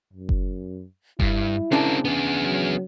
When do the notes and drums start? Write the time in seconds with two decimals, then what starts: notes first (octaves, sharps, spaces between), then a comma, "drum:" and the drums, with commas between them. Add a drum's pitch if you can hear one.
0.13 F#2
0.29 drum: kick F#1
1.20 G2 E4, drum: kick F#1
1.72 C#3 C4 D4 A#4 A5
2.05 B3 G#4
2.39 F#3